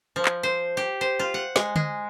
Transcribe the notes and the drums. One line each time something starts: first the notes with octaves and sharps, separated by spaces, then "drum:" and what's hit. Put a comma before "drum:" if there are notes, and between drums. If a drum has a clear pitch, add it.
F3
drum: clap
C5
G4
C5
F4
F#5
G#3, drum: snare
G#3, drum: tom D3